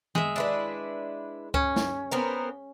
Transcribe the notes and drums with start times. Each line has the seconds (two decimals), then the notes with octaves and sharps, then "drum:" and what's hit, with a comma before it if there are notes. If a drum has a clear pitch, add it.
0.15 G#3 E5, drum: tom D#3
0.36 D4 E4 B4
1.54 C#4, drum: kick C#2
1.76 drum: snare
2.12 B3 C4 A#4